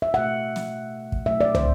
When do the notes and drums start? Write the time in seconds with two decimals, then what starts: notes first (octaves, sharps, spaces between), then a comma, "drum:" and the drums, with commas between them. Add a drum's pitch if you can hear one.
0.02 E5
0.14 B2 A3 F#5
0.56 drum: snare
1.12 drum: kick
1.26 B2 F#3 A3 E5
1.41 D5
1.55 C5, drum: tom